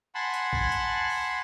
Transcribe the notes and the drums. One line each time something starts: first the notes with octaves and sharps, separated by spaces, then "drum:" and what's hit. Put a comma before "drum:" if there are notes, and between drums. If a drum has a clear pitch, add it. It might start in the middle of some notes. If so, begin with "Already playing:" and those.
F#5 G#5 A5 B5 C6
drum: hi-hat
drum: kick A#1
drum: hi-hat
drum: open hi-hat